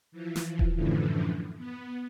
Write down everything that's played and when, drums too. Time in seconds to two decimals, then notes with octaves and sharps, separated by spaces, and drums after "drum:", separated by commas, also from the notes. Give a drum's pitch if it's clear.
0.12 E3 F3
0.36 drum: snare
0.59 drum: kick D#1
0.76 F#2 A2 D3 E3 F3
1.57 B3